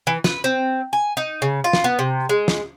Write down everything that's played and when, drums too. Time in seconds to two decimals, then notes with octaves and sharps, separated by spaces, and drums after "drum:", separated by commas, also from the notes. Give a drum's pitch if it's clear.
0.07 E3
0.24 B4, drum: snare
0.44 C4
0.93 G#5
1.17 D#4
1.42 C#3
1.64 F4
1.73 drum: snare
1.84 B3
1.99 C3
2.29 G#3
2.48 drum: snare